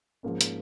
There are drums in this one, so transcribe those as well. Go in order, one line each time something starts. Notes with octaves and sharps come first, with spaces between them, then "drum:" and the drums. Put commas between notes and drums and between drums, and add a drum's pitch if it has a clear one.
G#2 F3 A#3 C#4
drum: hi-hat